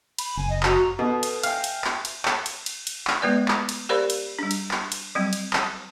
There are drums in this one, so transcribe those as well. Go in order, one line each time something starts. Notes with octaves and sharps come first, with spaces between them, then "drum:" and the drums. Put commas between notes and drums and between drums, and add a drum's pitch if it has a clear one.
B5, drum: cymbal
F#1 G#5
D#5
F#4 A#5, drum: clap
B2 A4 B4 D#6
drum: cymbal
E5 F5 G5 G#5, drum: cymbal
drum: cymbal
drum: clap
drum: cymbal
drum: clap
drum: cymbal
drum: cymbal
drum: cymbal
drum: clap
G#3 A3 B3 B4 D5
drum: clap
drum: cymbal
G4 A#4 C5 D5 F5 B5
drum: cymbal
G3 D4
drum: cymbal
drum: clap
drum: cymbal
F#3 G3 C4
drum: cymbal
drum: clap